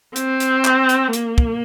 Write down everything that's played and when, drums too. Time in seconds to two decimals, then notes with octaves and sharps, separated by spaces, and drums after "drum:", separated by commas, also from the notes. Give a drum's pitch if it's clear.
0.16 C4, drum: hi-hat
0.40 drum: hi-hat
0.65 drum: clap
0.89 drum: hi-hat
1.13 A#3, drum: hi-hat
1.38 drum: kick